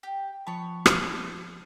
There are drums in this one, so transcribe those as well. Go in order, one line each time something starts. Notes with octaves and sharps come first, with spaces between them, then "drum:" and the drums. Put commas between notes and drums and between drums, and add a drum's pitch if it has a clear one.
G4
F3 B3 C#5 A5 B5
drum: rim click